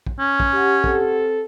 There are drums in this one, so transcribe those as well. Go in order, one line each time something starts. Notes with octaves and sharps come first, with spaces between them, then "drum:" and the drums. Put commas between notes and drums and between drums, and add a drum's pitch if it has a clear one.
drum: kick
C#4
drum: kick
G4 F#5
C4 A4, drum: kick